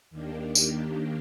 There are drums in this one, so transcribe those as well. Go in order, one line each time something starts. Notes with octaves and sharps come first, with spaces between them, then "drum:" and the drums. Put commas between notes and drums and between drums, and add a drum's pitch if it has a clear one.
D#2 D#3 A#3 D4 G4
drum: tambourine